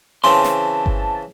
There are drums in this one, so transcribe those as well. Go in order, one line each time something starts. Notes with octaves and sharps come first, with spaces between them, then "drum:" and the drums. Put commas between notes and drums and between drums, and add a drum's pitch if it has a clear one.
C#3 E3 C4 A5 C6
drum: snare
drum: kick G1